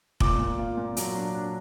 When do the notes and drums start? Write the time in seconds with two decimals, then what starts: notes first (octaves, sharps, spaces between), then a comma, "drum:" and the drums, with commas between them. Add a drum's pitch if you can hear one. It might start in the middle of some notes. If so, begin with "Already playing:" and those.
0.20 A#2 D6, drum: kick F1
0.40 A#2
0.59 F4
0.77 A#2
0.97 F#3, drum: hi-hat
1.16 D4
1.35 D4